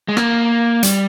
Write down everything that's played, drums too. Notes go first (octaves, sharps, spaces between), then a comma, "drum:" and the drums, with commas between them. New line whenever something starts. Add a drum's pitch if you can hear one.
G#3
A#3, drum: rim click
G3, drum: hi-hat